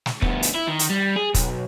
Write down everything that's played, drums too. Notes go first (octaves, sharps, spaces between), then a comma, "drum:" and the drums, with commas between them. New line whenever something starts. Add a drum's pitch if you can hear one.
drum: snare
D2 B3, drum: kick
drum: hi-hat
E4
D#3
drum: hi-hat
G3
G#4
B1, drum: kick, hi-hat